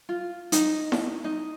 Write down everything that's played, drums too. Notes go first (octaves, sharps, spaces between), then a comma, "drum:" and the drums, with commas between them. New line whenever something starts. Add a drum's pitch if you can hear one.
F4
D#4, drum: hi-hat
drum: snare E4
D#4